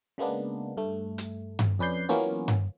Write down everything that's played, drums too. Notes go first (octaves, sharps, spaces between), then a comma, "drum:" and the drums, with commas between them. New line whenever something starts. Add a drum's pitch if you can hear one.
C#3 G#3 A#3 B3 D4
G2 A3
drum: hi-hat
drum: tom G2
F2 C#4 B4 D5 G6 C7
E3 F#3 A#3 B3 C#4 F4
drum: tom G2